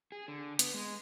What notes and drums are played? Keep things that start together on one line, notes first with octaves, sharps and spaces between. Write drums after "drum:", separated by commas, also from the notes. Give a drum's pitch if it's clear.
G#4
D3
B3, drum: hi-hat
G#3